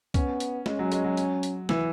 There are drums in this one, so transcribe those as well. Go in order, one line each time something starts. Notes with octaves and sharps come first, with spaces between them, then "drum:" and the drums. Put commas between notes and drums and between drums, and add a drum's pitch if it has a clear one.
B3 C#4, drum: kick, hi-hat
drum: hi-hat
G#3 C#4, drum: snare
F#3
G#3, drum: hi-hat
F#3
drum: hi-hat
drum: hi-hat
E3, drum: snare